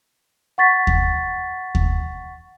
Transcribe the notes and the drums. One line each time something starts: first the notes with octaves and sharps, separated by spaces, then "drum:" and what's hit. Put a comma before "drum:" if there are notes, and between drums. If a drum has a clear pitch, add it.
F#5 C#6 A6 B6
drum: kick D#2
drum: kick D#2